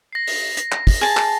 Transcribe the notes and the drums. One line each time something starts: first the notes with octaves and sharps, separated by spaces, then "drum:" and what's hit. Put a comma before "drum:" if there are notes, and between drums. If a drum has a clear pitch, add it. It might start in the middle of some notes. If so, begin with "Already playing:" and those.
A#6 C7
drum: open hi-hat
drum: hi-hat
drum: clap
drum: kick, open hi-hat
G#4 A5
drum: clap